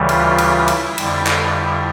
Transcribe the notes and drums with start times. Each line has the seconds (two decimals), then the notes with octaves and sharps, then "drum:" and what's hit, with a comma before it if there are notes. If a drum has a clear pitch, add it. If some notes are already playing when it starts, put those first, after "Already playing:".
Already playing: D2 C#3 E3 G3
0.09 F4, drum: cymbal
0.38 drum: cymbal
0.68 E4, drum: cymbal
0.98 F2 D3 G3, drum: cymbal
1.27 drum: clap